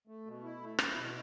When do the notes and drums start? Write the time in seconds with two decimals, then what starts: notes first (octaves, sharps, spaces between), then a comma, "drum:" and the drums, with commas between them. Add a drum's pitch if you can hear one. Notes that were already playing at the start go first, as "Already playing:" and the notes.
0.07 A3
0.26 B2
0.43 E4
0.61 A3
0.79 E4, drum: rim click
0.95 B2